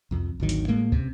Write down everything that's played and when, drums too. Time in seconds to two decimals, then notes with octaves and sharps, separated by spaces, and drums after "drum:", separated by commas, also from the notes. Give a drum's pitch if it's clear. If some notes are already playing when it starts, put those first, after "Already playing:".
0.11 C2 F2
0.40 G#1 D2 D#3 F#3
0.49 drum: hi-hat
0.68 A2 G#3 A#3
0.92 C#2 C3, drum: kick